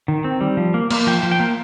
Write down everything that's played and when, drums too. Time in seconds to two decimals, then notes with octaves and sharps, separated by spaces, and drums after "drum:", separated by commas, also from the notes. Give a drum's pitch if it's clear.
0.08 D#3
0.24 C4
0.41 G3
0.57 F3
0.74 A#3
0.91 A#3, drum: cymbal
1.07 F3 G5
1.23 F3
1.31 G5
1.40 A#3